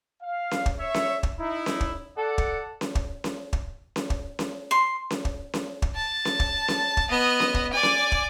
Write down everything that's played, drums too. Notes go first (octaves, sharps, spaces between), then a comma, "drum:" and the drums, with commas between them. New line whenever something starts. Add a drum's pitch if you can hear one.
F5
drum: snare C#4
drum: kick
C#5 E5
drum: snare C#4
drum: kick
D#4 E4
drum: snare C#4
drum: kick
A4 D5 F#5
drum: kick
drum: snare C#4
drum: kick
drum: snare C#4
drum: kick
drum: snare C#4
drum: kick
drum: snare C#4
C6
drum: snare C#4
drum: kick
drum: snare C#4
drum: kick
A5
drum: snare C#4
drum: kick
drum: snare C#4
drum: kick
B3 D#5
drum: snare C#4
drum: kick
D5 G#5
drum: snare C#4
drum: kick